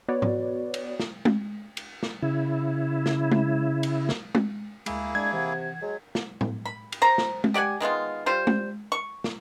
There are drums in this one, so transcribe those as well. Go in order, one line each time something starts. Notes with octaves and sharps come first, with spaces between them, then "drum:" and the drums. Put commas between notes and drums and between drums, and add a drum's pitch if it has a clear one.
B3 F#4 B4 C#5 D5
drum: tom G#2
drum: cymbal
drum: snare
drum: tom G#3
drum: cymbal
drum: snare
C#3 E4
drum: snare
drum: tom G#3
drum: cymbal
drum: snare
drum: tom G#3
D2 G#3 A#3 E4 G#4, drum: cymbal
G#3 D4 G#6
C3 E3 F#5
F#3 G#3
drum: snare
drum: tom A2
B5
drum: cymbal
C5 A#5
drum: snare
drum: tom G#3
G4 D5 F#5 G#5
D#3 G#3 B3 F4
G3 F4 C5
drum: tom G#3
C#6
drum: snare